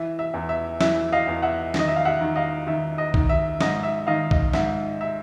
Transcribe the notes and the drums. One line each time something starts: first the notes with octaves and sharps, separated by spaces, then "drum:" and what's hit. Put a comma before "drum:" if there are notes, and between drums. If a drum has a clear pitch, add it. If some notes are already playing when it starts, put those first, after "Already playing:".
Already playing: E3 E5
E5
E2
E5
E3 E5, drum: snare
D#5 F5
E2
E5 F#5
D#3, drum: snare
D#5
E5
F5
E5 F#5
D#3
D#5 F5
D#3 E5
D#5
D#3, drum: kick B1
E5
G#2 D#5, drum: snare
E5
D#3 D#5 F5
D#5, drum: kick B1
G#2 E5, drum: snare
E5